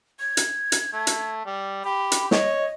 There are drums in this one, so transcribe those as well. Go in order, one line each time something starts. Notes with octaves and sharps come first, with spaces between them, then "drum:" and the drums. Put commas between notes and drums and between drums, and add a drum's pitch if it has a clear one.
G#6
drum: hi-hat
drum: hi-hat
A3
drum: hi-hat
G3
G4 B5
drum: hi-hat
C#5 D#5, drum: snare